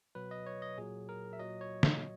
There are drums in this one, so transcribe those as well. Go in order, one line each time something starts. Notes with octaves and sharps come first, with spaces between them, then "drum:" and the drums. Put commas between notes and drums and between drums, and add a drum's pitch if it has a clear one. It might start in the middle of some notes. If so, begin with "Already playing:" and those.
B2 F#3 B4
D#5
C#5
D#5
A#2 F#3 G#4
A#4
E5
A#2 F#3 D#5
C#5
drum: snare